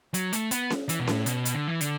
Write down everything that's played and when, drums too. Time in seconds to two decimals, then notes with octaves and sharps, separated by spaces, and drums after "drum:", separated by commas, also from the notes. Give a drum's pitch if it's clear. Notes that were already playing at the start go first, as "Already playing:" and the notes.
0.14 F#3, drum: hi-hat
0.33 A3, drum: hi-hat
0.51 B3, drum: hi-hat
0.70 drum: snare C#4
0.89 E3, drum: hi-hat
1.00 B2
1.07 A2, drum: snare C#4
1.26 B2, drum: hi-hat
1.45 drum: hi-hat
1.55 D3
1.68 E3
1.81 D3, drum: hi-hat